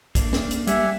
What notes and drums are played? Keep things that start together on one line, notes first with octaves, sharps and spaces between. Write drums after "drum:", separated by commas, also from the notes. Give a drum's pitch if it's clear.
A3 A#3 D4, drum: kick, hi-hat
drum: snare
drum: hi-hat
G3 G4 E5 F#5 G#5, drum: hi-hat